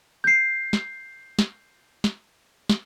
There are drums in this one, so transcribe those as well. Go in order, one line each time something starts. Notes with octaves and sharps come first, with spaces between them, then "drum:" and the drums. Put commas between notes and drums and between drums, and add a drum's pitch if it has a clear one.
G6 C7
drum: snare
drum: snare
drum: snare
drum: snare